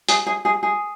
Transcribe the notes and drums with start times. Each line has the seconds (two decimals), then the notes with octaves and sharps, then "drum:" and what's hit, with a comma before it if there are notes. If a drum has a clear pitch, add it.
0.08 G#4, drum: hi-hat
0.26 G#4
0.45 G#4
0.63 G#4